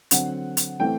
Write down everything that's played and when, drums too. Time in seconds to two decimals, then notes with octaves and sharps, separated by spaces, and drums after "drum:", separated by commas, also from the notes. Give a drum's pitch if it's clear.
0.11 D3 F#3 C4 F#5, drum: hi-hat
0.57 drum: hi-hat
0.80 E3 A3 C4 G5